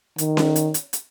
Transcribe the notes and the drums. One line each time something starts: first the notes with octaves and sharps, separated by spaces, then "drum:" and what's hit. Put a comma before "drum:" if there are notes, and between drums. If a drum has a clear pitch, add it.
D#3, drum: hi-hat
drum: snare C#4
drum: hi-hat
drum: hi-hat
drum: hi-hat